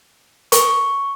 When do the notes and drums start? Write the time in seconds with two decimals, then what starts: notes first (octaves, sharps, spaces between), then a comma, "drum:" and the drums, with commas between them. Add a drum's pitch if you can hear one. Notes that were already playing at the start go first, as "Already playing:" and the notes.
0.52 C#6, drum: hi-hat